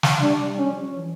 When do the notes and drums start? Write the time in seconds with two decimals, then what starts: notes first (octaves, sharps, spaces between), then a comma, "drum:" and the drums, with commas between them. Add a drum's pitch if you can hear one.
0.03 drum: snare
0.20 G3 D4
0.45 G3
0.58 C#4
0.70 F3
0.96 E3